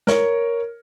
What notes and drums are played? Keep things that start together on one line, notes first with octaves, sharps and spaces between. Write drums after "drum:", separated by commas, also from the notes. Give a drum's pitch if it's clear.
A#4 C#5, drum: snare